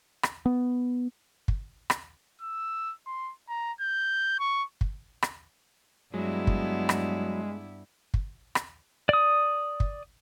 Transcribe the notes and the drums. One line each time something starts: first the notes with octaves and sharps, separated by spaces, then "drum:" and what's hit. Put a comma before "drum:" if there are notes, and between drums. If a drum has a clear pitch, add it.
drum: rim click
B3
drum: kick
drum: rim click
E6
C6
A#5
G6
C#6
drum: kick
drum: rim click
G2 F#3 G#3 B3 E4
drum: kick
drum: rim click
drum: kick
drum: rim click
D5 D#6
drum: kick